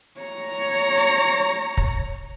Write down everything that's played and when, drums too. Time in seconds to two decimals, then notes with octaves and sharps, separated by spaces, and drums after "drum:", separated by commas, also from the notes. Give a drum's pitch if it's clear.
0.20 C#5 A#5
0.97 drum: hi-hat
1.77 drum: kick